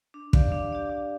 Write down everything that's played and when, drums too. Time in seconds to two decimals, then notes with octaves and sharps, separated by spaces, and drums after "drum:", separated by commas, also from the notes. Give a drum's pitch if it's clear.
0.14 D4
0.33 G4 D5 F5, drum: kick
0.52 D4
0.70 G4 D5 F5
0.90 D4